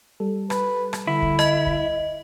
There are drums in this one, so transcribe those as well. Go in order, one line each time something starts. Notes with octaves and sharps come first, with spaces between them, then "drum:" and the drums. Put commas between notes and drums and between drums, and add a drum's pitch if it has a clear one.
G3 A4
B4, drum: rim click
drum: rim click
D3 E4
drum: kick
D#5, drum: rim click
drum: kick